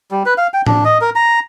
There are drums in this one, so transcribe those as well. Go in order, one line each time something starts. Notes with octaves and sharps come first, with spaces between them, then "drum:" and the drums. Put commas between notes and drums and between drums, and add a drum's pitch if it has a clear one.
G3
B4
F5
G5
D4, drum: tom A2
D#5
A#4
A#5